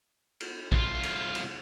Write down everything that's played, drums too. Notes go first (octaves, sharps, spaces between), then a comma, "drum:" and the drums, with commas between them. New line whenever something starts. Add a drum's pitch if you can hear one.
drum: cymbal
C2 F4, drum: kick A#1
drum: cymbal
drum: cymbal